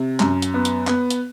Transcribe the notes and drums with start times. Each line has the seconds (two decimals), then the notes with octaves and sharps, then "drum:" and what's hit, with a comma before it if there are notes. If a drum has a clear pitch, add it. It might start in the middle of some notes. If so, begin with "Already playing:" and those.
Already playing: C3
0.20 F#2, drum: clap
0.42 drum: hi-hat
0.54 B3
0.65 drum: hi-hat
0.87 B3, drum: clap
1.10 drum: hi-hat